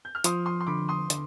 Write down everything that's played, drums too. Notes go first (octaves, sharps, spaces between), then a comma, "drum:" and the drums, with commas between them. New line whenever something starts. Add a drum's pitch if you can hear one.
G6
F6
F3 C6 D#6, drum: hi-hat
C6 D#6
C6
D3 B5 D6
C6 D#6
D3, drum: hi-hat